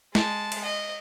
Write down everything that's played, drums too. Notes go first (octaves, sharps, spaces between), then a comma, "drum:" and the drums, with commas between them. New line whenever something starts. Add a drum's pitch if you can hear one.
G#3 A5, drum: snare
drum: cymbal
D#5